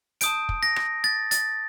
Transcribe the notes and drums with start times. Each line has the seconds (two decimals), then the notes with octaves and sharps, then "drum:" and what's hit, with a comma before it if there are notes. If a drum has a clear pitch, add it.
0.21 A5 D#6 G6 D7, drum: hi-hat
0.49 drum: kick
0.63 A#6
0.76 drum: rim click
1.04 A6
1.31 A6, drum: hi-hat